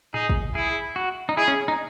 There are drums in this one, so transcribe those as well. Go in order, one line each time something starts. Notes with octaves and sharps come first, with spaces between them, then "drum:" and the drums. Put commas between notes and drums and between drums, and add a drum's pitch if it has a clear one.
D#4 G#4, drum: tom A2
drum: kick
E4 G#4
F#4
D#4
E4 G#4
C#4
D#4